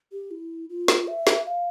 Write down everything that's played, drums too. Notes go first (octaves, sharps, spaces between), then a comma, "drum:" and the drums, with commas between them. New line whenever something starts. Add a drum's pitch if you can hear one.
G4
E4
F4
drum: snare
E5
drum: snare
F5